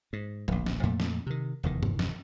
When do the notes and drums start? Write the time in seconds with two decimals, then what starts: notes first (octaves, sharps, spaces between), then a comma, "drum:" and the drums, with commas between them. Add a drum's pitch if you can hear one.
0.13 G#2
0.48 D1 A#1, drum: tom
0.66 drum: snare
0.83 F2 A#2 A3
1.00 drum: snare
1.26 C3 D#3
1.63 F1 E2 D#3
1.83 drum: tom G2
1.99 drum: snare